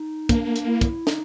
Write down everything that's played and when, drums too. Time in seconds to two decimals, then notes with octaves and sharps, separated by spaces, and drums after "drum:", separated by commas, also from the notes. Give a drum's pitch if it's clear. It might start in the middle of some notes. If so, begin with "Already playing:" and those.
Already playing: D#4
0.29 A#3 D4, drum: kick, hi-hat
0.56 drum: hi-hat
0.68 E4
0.81 drum: kick, hi-hat
1.07 D#4, drum: snare